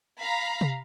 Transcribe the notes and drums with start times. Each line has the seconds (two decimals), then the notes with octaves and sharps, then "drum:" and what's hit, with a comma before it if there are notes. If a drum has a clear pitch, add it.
0.20 F5 A#5 B5
0.61 drum: tom C3